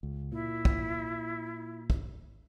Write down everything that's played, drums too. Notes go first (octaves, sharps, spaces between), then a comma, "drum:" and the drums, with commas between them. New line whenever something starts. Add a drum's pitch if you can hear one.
C#2
A#2 E4
drum: kick
drum: kick